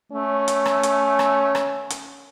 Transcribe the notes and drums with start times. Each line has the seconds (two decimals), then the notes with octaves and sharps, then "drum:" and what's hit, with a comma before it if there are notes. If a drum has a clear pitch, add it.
0.12 A3 C#4
0.48 drum: hi-hat
0.66 drum: rim click
0.83 drum: hi-hat
1.19 drum: rim click
1.55 drum: rim click
1.90 drum: hi-hat